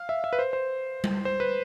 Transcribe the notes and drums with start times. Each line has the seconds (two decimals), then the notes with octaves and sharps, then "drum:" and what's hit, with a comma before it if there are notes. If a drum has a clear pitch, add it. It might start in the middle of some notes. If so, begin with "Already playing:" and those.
Already playing: F5
0.09 E5
0.24 E5
0.33 B4
0.39 C5
0.53 C5
1.04 drum: tom G3
1.25 C5
1.40 B4